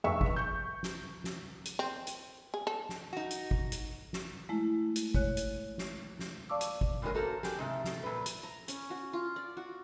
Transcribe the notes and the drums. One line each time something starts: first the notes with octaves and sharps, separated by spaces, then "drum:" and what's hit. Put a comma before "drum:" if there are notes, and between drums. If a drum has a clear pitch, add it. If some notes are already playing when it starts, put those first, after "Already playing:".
F1 G2 G#4 E5 C#6
drum: kick G#1
C#6 G6
drum: snare
drum: snare
drum: hi-hat
C4
drum: hi-hat
G#4
A4
drum: snare
D#4 F#4
drum: hi-hat
drum: kick G#1
drum: hi-hat
drum: snare
G#3 A3 E4
drum: hi-hat
G#3 C#5 F#6, drum: kick G#1
drum: hi-hat
drum: snare
drum: snare
D5 F5 A5 C#6 D6 E6
drum: hi-hat
drum: kick G#1
E2 A#2 D#3 F#3 G#3 A#4
A#3 F#4 A4 A#4 C5
G4 G#4, drum: snare
G#2 C3 A3
drum: snare
A#2 B4
drum: hi-hat
A#5
C#4, drum: hi-hat
F#4
F4
D5
F#4